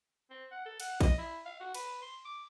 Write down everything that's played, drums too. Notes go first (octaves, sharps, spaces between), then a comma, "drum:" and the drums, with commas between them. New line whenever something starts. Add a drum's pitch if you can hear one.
C4
F#5
A4
F#5, drum: cymbal
D#5, drum: kick A#1, cymbal
E4
F5
F#4
B4, drum: cymbal
C6
D6